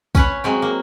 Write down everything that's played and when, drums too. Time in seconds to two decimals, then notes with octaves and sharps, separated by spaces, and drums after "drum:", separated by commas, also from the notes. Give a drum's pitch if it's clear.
0.15 C#4 B4 C#5, drum: kick, tambourine
0.44 F#3 G#3 C4
0.62 A#3